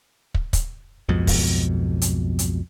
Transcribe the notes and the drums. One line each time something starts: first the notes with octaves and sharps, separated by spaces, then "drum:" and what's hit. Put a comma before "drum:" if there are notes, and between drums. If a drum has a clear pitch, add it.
drum: kick
drum: kick, hi-hat
B1 F2 G#2 B2
drum: kick, open hi-hat
drum: hi-hat
drum: hi-hat